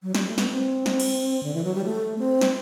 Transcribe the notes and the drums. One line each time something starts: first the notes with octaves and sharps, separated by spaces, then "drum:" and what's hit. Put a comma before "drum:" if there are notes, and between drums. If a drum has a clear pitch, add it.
F#3
G3, drum: snare
A3
B3, drum: snare
C4
drum: snare
drum: cymbal
D3
E3
F#3
G3
A3
C4
drum: snare